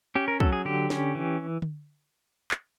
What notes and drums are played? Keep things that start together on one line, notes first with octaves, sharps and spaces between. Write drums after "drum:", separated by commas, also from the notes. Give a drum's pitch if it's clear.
C#4 G4
A#4
F#3 A4, drum: kick
G#4
D3 G4
C#4, drum: snare
E3
drum: tom D3
drum: clap